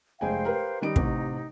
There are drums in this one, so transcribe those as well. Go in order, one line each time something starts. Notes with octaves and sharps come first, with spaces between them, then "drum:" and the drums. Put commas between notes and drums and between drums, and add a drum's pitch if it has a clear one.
F1 G#3 C5 F5 G5 G#5
G4 A#4 B4
D#3 G3 D#4 D7
A1 C3, drum: kick